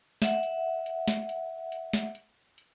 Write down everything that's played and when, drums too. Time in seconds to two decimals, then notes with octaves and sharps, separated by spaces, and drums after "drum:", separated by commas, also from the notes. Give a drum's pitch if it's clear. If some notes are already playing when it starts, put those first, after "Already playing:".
0.22 E5 F#5, drum: snare
0.43 drum: hi-hat
0.86 drum: hi-hat
1.08 drum: snare
1.29 drum: hi-hat
1.72 drum: hi-hat
1.93 drum: snare
2.15 drum: hi-hat
2.58 drum: hi-hat